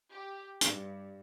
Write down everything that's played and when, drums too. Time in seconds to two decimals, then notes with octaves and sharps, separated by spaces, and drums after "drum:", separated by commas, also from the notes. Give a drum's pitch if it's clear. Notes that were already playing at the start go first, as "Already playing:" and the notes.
0.12 G4
0.61 G2, drum: hi-hat